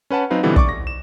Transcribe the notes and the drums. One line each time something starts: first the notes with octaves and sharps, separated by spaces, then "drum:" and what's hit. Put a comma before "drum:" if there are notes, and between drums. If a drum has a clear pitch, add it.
C#4 B4 F#5 A5
F#3 C4 D#4 B4 F5
B2 D3 E3 G3 B3 C4
D5 C#6 D6, drum: kick
A#6
E7